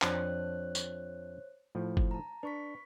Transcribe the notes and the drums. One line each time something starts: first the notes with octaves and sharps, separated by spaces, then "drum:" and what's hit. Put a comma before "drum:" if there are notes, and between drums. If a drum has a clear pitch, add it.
F2 D4 C5 C#5 F#6, drum: clap
drum: tambourine
A2 F3
drum: kick F#1
A5 A#5
D4 B4 C#6 B6